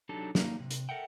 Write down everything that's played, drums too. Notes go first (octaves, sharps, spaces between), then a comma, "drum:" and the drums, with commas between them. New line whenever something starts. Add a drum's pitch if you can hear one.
F#3 D4 D#4 G4 A4 A5
A#3 D#4, drum: snare
C3
drum: hi-hat
A4 A#4 E5 F#5 G5